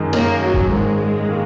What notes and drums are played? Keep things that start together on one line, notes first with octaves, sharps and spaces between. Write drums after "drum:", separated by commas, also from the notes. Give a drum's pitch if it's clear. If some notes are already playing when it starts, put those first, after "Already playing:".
Already playing: F#2 D#3 G#3 D#4
F#2 D#3 G#3 A#3 D#4, drum: cymbal
F#3
drum: kick G1
G#2 D#3 G#3 A#3
D#3 A#3